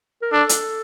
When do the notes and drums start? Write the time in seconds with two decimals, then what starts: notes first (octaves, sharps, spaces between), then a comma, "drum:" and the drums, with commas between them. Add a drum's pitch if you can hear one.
0.22 A#4
0.32 D4 A4
0.49 drum: hi-hat